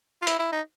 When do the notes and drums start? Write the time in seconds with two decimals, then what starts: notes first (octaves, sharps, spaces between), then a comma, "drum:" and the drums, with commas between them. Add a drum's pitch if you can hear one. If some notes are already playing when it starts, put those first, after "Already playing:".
0.22 F4
0.27 E4, drum: hi-hat
0.39 E4
0.52 D#4